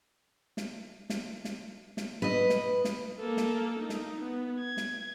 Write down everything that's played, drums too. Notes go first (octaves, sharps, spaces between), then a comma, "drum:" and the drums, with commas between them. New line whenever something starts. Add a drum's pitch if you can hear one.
drum: snare
drum: snare
drum: snare
drum: snare
B4 D#5
drum: snare
drum: snare
A#3 A4
drum: snare
D#4
drum: snare
B3
G#6
drum: snare